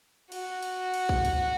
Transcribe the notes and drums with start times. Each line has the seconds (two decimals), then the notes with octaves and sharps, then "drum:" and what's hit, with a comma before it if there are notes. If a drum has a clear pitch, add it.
0.32 F#4, drum: cymbal
0.63 drum: cymbal
0.94 drum: cymbal
1.09 drum: kick
1.25 drum: cymbal